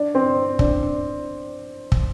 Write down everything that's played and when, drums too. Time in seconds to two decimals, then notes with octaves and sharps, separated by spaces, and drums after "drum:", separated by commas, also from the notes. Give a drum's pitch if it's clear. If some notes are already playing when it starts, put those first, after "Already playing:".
Already playing: D4
0.15 C4
0.59 D4, drum: kick
1.92 drum: kick